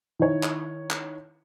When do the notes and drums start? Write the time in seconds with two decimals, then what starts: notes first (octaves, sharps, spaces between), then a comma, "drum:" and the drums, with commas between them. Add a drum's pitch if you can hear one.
0.19 D#3 E4 C#5
0.43 drum: clap
0.90 drum: clap